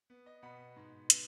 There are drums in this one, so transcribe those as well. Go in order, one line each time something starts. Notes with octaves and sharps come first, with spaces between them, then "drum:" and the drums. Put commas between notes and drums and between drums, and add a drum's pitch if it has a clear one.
B3
D#5
B2 F#5 B5
G#2
B3, drum: hi-hat